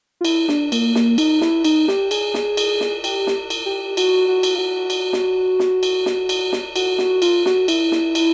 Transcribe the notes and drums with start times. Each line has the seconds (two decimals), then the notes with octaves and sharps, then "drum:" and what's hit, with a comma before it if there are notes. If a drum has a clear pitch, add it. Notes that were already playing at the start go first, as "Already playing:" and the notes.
0.21 F4
0.25 E4, drum: cymbal
0.48 D4, drum: snare
0.72 A#3, drum: cymbal
0.95 A#3, drum: snare
1.18 D#4, drum: cymbal
1.41 E4, drum: snare
1.64 D#4, drum: cymbal
1.88 G4, drum: snare
2.11 G#4, drum: cymbal
2.34 drum: snare
2.57 drum: cymbal
2.81 drum: snare
3.04 G4, drum: cymbal
3.27 drum: snare
3.50 drum: cymbal
3.66 G4
3.97 F#4, drum: cymbal
4.28 F#4
4.43 drum: cymbal
4.55 F4
4.59 F#4
4.90 drum: cymbal
5.13 drum: snare
5.59 drum: snare
5.83 drum: cymbal
6.06 drum: snare
6.29 drum: cymbal
6.52 drum: snare
6.76 F#4, drum: cymbal
6.98 F#4, drum: snare
7.22 F4, drum: cymbal
7.46 F#4, drum: snare
7.68 E4, drum: cymbal
7.92 drum: snare
8.15 drum: cymbal